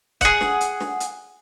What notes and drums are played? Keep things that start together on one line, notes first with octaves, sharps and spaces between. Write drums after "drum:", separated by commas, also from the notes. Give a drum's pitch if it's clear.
G#4 F#5, drum: kick C#1, hi-hat
drum: snare
drum: hi-hat
drum: snare
drum: hi-hat